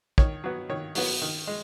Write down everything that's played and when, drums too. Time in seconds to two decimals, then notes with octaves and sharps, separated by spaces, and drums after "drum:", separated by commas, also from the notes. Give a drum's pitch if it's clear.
0.18 D#3 C#5, drum: kick
0.44 F#3 B3
0.69 D#3 C#5
0.95 F#3 B3, drum: open hi-hat
1.22 D#3
1.47 G#3